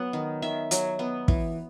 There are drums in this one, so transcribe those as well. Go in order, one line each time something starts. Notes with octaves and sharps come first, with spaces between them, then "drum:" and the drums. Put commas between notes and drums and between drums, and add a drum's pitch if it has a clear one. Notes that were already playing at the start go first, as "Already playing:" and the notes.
Already playing: F#3 B3 F#5
D#3
D#3 E5
F#3, drum: hi-hat
B3
E3, drum: kick